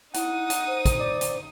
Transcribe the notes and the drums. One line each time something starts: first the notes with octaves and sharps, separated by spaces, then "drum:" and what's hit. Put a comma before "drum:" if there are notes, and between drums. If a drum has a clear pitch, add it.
D#4 E4 F#5 D#6, drum: hi-hat
drum: hi-hat
C5
drum: kick, hi-hat
D5
drum: hi-hat